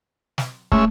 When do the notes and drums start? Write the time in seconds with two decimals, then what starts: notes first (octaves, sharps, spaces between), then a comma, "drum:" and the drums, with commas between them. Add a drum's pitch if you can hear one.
0.38 drum: snare
0.72 G#3 A3 C#4 E5, drum: kick